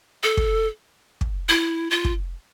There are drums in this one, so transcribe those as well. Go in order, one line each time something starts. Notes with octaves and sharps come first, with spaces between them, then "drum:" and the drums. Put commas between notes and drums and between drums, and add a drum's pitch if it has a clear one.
A4
drum: kick
drum: kick
E4
F4
drum: kick